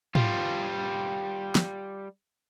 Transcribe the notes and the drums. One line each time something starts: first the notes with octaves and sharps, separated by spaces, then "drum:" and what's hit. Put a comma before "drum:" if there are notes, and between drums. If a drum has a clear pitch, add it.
G3 F4, drum: tom
drum: snare